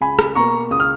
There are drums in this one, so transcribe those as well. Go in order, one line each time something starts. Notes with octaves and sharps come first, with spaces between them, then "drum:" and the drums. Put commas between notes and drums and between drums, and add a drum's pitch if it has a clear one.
C#2 G#5 B5
drum: rim click
B2 A#3 A#5 C#6
C#2 D#6
F6